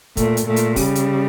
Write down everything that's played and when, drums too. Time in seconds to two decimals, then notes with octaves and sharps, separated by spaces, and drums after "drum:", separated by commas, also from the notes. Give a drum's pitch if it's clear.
0.17 A#2 A3, drum: kick, hi-hat
0.37 drum: hi-hat
0.47 A#2 A3
0.56 drum: hi-hat
0.76 C#3 G3, drum: kick, open hi-hat
0.95 drum: hi-hat